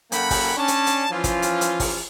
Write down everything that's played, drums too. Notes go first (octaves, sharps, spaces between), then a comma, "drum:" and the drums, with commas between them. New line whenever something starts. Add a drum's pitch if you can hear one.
F#2 A#3 A4 F#5 G5 B5, drum: hi-hat
drum: kick, open hi-hat
C#4 D4 A5
drum: hi-hat
drum: hi-hat
E3 F3 C#4 F4
drum: kick, hi-hat
drum: hi-hat
drum: hi-hat
drum: kick, open hi-hat